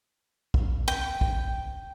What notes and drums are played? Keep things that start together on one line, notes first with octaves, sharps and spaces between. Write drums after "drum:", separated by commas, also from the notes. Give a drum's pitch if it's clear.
drum: kick
G5
drum: kick